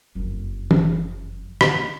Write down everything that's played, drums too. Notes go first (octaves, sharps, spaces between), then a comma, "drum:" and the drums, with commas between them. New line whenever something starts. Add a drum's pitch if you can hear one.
F#1 F2
drum: tom
drum: rim click